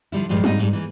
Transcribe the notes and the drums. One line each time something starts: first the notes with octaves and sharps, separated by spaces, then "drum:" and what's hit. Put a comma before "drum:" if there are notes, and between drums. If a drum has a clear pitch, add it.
D3 F3 G3 E4
G2 A#2 F3 G3 G#3
G#2 G3 D#4 D#5, drum: tom
G#2 G3
E3 A#3